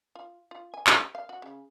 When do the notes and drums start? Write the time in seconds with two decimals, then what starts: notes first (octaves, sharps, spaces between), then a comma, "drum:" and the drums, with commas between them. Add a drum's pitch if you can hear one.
0.15 F4
0.51 F4
0.74 G#5
0.87 A3, drum: clap
1.01 G4
1.15 F5
1.29 F#4
1.42 C#3